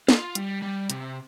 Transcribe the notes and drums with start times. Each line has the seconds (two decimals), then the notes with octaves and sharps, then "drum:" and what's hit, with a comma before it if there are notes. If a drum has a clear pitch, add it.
0.09 F4, drum: snare
0.35 G3, drum: hi-hat
0.62 G3
0.90 C3, drum: hi-hat